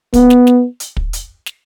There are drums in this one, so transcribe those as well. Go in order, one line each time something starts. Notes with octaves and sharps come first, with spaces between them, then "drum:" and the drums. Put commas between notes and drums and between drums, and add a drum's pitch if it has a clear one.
B3, drum: kick, hi-hat
drum: snare
drum: snare
drum: hi-hat
drum: kick
drum: hi-hat
drum: snare